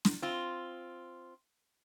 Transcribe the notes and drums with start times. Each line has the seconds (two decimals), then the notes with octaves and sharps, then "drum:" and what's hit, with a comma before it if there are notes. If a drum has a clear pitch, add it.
0.05 drum: snare
0.22 C4 F4